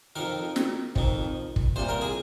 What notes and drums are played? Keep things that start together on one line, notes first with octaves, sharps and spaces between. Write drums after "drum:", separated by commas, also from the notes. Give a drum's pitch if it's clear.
F2 D#3 A#4
drum: snare
F2 D#3, drum: kick
drum: kick
C2 A#2 C5
A#4
G#4